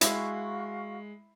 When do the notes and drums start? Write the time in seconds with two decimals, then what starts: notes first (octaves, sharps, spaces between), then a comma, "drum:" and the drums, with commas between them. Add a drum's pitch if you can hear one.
0.01 G#3 E4 F#4 F5 C#6, drum: hi-hat